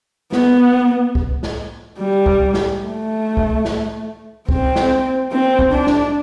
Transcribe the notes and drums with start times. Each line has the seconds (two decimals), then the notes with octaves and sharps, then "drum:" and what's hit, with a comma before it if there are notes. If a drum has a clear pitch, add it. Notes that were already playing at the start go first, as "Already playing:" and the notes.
0.33 B3, drum: snare
1.15 drum: kick C2
1.43 drum: snare
1.98 G3
2.26 drum: kick C2
2.54 drum: snare
2.82 A3
3.37 drum: kick C2
3.65 drum: snare
4.49 C4, drum: kick C2
4.76 drum: snare
5.32 C4
5.59 drum: kick C2
5.72 D4
5.87 drum: snare